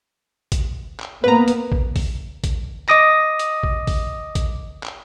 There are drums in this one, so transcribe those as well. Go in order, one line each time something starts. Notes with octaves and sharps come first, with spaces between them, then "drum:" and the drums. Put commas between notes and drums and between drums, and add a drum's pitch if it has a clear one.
drum: kick A1, hi-hat
drum: clap
A#3 B3 B4 A#5
drum: hi-hat
drum: kick A1
drum: kick A1, open hi-hat
drum: kick A1, hi-hat
D#5 D6 D#6 A#6, drum: clap
drum: hi-hat
drum: kick A1
drum: kick A1, open hi-hat
drum: kick A1, hi-hat
drum: clap